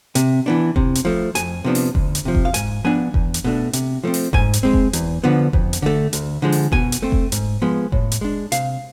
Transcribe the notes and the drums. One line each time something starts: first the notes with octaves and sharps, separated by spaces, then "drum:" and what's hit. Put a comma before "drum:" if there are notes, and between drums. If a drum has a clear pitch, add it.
C3, drum: hi-hat
E3 B3 D4
C3, drum: kick F1
drum: hi-hat
F3 A3
F2 G#5, drum: hi-hat
C3 F3 B3 D4
drum: open hi-hat
D2, drum: kick F1
drum: hi-hat
C3 F3
drum: kick F1
F5
G#2 G#5, drum: hi-hat
F3 B3 D4 G#5
E2, drum: kick F1
drum: hi-hat
B2 A3 D4
C3, drum: hi-hat
F3 A3 C4
drum: open hi-hat
G#2 G#5, drum: kick F1
drum: hi-hat
G#3 C4
drum: kick F1
E2, drum: hi-hat
D3 F3 B3
F2, drum: kick F1
drum: hi-hat
D3 A3
D2, drum: hi-hat
D3 F3 G#3
drum: open hi-hat
B2 G#5, drum: kick F1
drum: hi-hat
A3 C4
drum: kick F1
G#2, drum: hi-hat
F3 G#3 B3
A2, drum: kick F1
drum: hi-hat
G#3 D4
C3 F5, drum: hi-hat